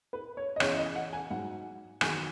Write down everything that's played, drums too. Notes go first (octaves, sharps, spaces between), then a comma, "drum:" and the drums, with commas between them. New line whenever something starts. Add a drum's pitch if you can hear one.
B4
C#5
D#5
E2 C#3 E3 C#5, drum: rim click
D#5
F#5
G#5
G#2 F#3 F#5
E2 D#3 F#3 G#5, drum: rim click